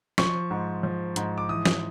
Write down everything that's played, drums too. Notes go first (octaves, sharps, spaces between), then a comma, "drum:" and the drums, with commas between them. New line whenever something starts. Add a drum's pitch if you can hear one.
F3 C#6, drum: snare
G#2
F3
G#2, drum: hi-hat
D6
E3 D#6
drum: snare